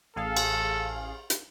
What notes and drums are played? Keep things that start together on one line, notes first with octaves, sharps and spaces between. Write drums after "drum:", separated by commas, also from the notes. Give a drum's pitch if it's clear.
A1 G#4 A4 F5
drum: cymbal
drum: hi-hat